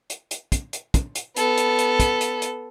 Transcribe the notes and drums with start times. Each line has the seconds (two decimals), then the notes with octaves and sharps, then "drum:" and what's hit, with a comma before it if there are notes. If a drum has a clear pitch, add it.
0.10 drum: hi-hat
0.31 drum: hi-hat
0.52 drum: kick, hi-hat
0.73 drum: hi-hat
0.94 drum: kick, hi-hat
1.15 drum: hi-hat
1.36 B3 A4, drum: hi-hat
1.57 drum: hi-hat
1.78 drum: hi-hat
2.00 drum: kick, hi-hat
2.21 drum: hi-hat
2.42 drum: hi-hat